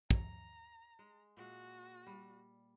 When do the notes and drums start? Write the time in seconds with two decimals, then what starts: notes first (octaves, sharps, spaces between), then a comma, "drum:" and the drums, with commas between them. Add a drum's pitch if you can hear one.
0.11 A#5, drum: kick
0.99 G#3
1.37 A#2 G#3 F#4
2.07 G3